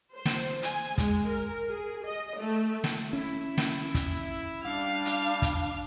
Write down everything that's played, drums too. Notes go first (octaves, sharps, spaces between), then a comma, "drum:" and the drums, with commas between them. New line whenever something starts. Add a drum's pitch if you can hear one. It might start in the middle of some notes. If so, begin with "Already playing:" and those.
C5
drum: snare
G#5, drum: hi-hat
G#3, drum: kick, hi-hat
A#4
G#4
D#5
A3
drum: snare
C#4 E4
drum: snare
drum: kick, hi-hat
G3 D4 F5
drum: hi-hat
drum: kick, hi-hat